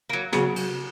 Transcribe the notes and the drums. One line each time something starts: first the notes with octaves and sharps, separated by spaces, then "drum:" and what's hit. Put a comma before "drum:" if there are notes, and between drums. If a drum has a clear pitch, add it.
F#3 A#3
C#3 F#3, drum: snare
drum: cymbal